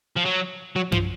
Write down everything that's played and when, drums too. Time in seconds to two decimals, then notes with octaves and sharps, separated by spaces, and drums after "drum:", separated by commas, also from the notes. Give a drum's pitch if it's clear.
0.16 F3
0.25 F#3
0.76 F#3
0.92 F3, drum: tom F#2